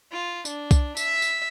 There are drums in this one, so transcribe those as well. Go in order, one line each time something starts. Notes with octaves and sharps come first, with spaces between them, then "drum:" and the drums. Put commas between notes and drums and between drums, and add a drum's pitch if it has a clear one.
F4
D4, drum: tambourine
drum: kick C2, tambourine
E5, drum: tambourine
drum: tambourine